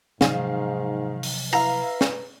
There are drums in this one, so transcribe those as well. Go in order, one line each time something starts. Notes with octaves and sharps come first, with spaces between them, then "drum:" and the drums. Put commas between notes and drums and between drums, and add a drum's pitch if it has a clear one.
G#2 C3 D#3 F3 F#3 F5, drum: snare
drum: open hi-hat
E4 B4 F5 A#5
drum: snare